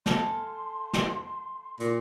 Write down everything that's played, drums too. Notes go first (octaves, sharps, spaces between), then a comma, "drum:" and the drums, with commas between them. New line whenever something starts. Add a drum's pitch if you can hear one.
A4 F5 G#5 C6, drum: snare
drum: snare
A#2, drum: hi-hat